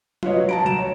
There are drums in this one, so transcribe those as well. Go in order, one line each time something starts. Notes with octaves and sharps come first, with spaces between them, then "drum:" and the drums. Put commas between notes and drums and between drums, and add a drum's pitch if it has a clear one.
F4 B4 C#5 D#5, drum: tom F#3
F#3
A5 A#5 D7
D2 E7
C#5